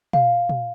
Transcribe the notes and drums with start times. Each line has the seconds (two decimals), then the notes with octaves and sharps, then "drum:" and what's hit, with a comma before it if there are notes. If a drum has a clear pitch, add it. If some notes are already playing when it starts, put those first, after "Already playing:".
0.13 F5, drum: tom
0.49 drum: tom A#2